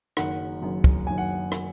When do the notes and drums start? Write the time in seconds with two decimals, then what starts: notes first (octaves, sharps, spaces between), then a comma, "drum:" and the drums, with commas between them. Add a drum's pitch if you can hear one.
0.17 F#1 F#2 D#3 F#5, drum: rim click
0.61 F#1 F#2 D#3
0.84 drum: kick
1.07 F#1 F#2 D#3 G#5
1.18 F#5
1.52 drum: rim click